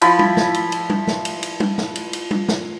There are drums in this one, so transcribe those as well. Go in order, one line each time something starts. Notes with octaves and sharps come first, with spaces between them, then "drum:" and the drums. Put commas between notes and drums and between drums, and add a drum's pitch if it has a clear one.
F3 E4 B5, drum: cymbal
drum: tom G3
drum: snare
drum: cymbal
drum: cymbal
drum: tom G3
drum: snare
drum: cymbal
drum: cymbal
drum: tom G3
drum: snare
drum: cymbal
drum: cymbal
drum: tom G3
drum: snare